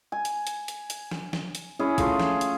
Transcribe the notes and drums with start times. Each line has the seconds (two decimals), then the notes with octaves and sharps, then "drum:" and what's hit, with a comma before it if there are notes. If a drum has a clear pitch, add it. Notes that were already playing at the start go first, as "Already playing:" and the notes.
0.12 G#5
0.25 drum: hi-hat
0.47 drum: hi-hat
0.68 drum: hi-hat
0.90 drum: hi-hat
1.11 drum: snare
1.33 drum: snare
1.55 drum: hi-hat
1.79 C#4 E4 G#4
1.98 A3 F4 G#4, drum: kick, hi-hat
2.20 drum: snare
2.41 drum: hi-hat